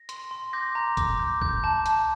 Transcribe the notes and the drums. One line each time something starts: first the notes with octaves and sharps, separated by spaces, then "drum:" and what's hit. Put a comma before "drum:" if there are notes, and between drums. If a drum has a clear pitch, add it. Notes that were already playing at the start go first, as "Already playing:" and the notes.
Already playing: A#6
C6, drum: hi-hat
C6
D6 G6 A#6
A#5
D6, drum: kick B1, hi-hat
G6
G6, drum: kick B1
A5
A5, drum: hi-hat